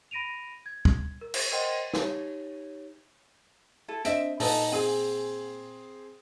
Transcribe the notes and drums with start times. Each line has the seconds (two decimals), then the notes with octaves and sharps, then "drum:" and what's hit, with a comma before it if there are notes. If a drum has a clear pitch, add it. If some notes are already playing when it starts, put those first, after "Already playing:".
0.11 B5 A#6 D7 D#7 F7
0.66 G#6
0.85 drum: kick
1.21 A#4
1.34 drum: cymbal
1.52 A#4 C5 D#5 F#5 G5 C6
1.94 D#4 G4 C#5, drum: snare
3.88 E4 A4
4.05 C4 D4 C5 D#5 E5 D7, drum: hi-hat
4.40 A#2 D#4 A4 B4 D#5 G#5, drum: open hi-hat
4.72 C4 G#4 G#5